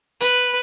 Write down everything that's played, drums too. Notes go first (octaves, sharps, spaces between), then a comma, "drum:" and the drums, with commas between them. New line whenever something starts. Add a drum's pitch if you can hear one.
B4, drum: hi-hat